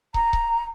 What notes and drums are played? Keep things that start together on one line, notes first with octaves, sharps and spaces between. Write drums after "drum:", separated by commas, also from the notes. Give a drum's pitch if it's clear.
A#5, drum: kick
drum: kick